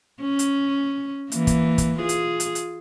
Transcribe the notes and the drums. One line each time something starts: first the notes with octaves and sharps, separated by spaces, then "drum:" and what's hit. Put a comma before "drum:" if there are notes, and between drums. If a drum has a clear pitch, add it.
C#4
drum: hi-hat
E3 A#3, drum: hi-hat
drum: kick, hi-hat
drum: kick, hi-hat
F4 G#4
drum: hi-hat
drum: hi-hat
drum: hi-hat